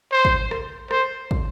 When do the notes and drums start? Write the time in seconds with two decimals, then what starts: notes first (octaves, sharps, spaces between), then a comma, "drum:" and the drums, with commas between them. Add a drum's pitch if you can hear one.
0.12 C5
0.25 drum: kick
0.51 drum: rim click
0.91 C5, drum: rim click
1.31 drum: kick